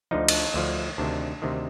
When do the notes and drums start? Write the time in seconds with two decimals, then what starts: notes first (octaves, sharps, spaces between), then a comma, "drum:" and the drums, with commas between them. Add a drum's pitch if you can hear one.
0.11 D2 D3 F3 D#4
0.28 drum: cymbal
0.54 D2 D3 F3
0.98 D2 C3 D#3 D4
1.42 D2 C3 D#3